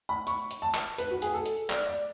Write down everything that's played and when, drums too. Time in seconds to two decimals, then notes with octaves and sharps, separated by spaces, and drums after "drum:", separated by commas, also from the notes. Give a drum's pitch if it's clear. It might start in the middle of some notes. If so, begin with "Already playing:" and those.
0.09 B5
0.27 C#6, drum: hi-hat
0.51 drum: hi-hat
0.62 A5
0.74 drum: clap
0.98 B4, drum: hi-hat
1.11 F#4
1.22 G#4, drum: hi-hat
1.34 A4
1.46 drum: hi-hat
1.70 D5, drum: clap
1.87 D5